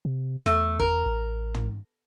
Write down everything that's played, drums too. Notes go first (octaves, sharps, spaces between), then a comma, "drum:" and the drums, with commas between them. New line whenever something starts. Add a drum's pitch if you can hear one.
C3
E2 A3, drum: snare
A#4, drum: kick
A1
drum: tom